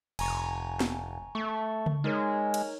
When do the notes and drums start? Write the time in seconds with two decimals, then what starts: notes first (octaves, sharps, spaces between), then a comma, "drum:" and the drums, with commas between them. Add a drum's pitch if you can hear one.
0.19 F1 G#5 A#5 C#6, drum: cymbal
0.80 drum: snare
1.35 A3 C#6
1.86 drum: tom C#3
2.04 G#3 D#4 A#4 C#5
2.54 drum: cymbal